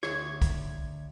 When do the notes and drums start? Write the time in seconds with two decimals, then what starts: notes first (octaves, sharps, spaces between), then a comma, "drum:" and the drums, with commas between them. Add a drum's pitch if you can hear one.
0.03 D2 C#5 G#6, drum: rim click
0.42 drum: kick, hi-hat